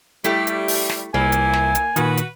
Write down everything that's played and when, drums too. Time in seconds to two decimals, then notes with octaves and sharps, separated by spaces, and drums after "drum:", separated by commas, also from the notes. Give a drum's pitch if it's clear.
0.24 G3 A3 E4 G4, drum: hi-hat
0.47 drum: hi-hat
0.68 drum: open hi-hat
0.89 drum: snare
1.14 C2 E3 F3 A#3 E4 G#5
1.32 drum: hi-hat
1.53 drum: snare
1.75 drum: hi-hat
1.96 A#2 D#3 F#4 B4, drum: hi-hat
2.17 drum: hi-hat